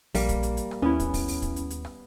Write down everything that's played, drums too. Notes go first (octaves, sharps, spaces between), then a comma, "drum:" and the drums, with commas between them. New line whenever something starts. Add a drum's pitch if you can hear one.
A#1 G3 A#3, drum: open hi-hat
drum: kick, hi-hat
drum: hi-hat
drum: hi-hat
drum: rim click
D#2 B3 C#4 E4
drum: kick, hi-hat
drum: kick, open hi-hat
drum: open hi-hat
drum: kick, hi-hat
drum: hi-hat
drum: hi-hat
drum: rim click